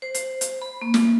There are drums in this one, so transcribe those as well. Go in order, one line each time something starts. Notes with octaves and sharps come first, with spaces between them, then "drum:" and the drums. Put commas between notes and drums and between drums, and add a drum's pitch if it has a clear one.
C5
C5, drum: hi-hat
drum: hi-hat
B5
A#3
drum: snare